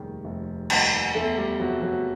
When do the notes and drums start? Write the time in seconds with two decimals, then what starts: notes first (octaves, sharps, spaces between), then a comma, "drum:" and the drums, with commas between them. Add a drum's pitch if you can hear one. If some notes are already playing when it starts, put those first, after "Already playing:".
Already playing: F1 D#2 D#3 G3 G#3
0.24 F1
0.70 D#2 D#3 G3, drum: cymbal
1.14 E2 A3 A4
1.37 G3 G4
1.60 C3 E3 F#3 G#3 F#4
1.82 F#3 F#4